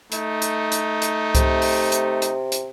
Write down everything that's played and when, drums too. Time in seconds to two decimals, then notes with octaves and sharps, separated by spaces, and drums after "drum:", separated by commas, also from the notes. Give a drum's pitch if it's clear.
0.12 A3 D#4, drum: hi-hat
0.42 drum: hi-hat
0.72 drum: hi-hat
1.02 drum: hi-hat
1.35 C3, drum: kick C2, hi-hat
1.62 drum: open hi-hat
1.92 drum: hi-hat
2.22 drum: hi-hat
2.52 drum: hi-hat